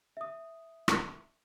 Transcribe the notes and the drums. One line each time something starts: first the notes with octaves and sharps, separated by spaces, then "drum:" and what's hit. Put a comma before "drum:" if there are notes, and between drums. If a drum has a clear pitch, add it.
E5 D#6
drum: rim click